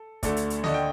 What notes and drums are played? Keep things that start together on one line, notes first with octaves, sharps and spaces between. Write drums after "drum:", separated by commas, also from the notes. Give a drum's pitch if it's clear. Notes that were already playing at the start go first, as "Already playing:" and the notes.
Already playing: A4
D2 D3 A3, drum: kick, hi-hat
drum: hi-hat
drum: hi-hat
D3 A3 D#5, drum: snare
G5